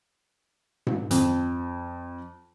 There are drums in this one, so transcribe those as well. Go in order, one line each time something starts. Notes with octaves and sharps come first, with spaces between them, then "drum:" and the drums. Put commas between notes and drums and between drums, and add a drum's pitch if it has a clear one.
drum: tom G#2
F2, drum: hi-hat